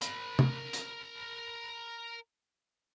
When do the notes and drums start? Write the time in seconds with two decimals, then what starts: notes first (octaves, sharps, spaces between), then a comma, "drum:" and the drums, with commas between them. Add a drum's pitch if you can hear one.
0.02 A#4 B5, drum: hi-hat
0.39 drum: tom
0.73 drum: hi-hat